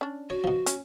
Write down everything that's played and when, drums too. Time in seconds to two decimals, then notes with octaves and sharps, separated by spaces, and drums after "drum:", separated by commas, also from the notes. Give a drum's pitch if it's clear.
0.01 C#4 D4
0.30 F#4 C#5
0.44 B2 F3
0.66 C#4, drum: hi-hat